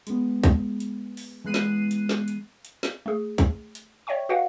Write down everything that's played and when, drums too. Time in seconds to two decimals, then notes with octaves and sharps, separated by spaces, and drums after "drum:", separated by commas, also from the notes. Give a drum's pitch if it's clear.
0.07 G#3 B3, drum: hi-hat
0.44 drum: kick, hi-hat
0.80 drum: hi-hat
1.17 drum: open hi-hat
1.45 E3 G#3 B3 F#6 C7 D#7
1.54 drum: snare
1.91 drum: hi-hat
2.09 drum: snare
2.28 drum: hi-hat
2.65 drum: hi-hat
2.83 drum: snare
3.06 A3 G#4
3.38 drum: kick, hi-hat
3.75 drum: hi-hat
4.07 C#5 D5 E5 G5 C#6
4.29 F#4 B4 D#5 F5 F#5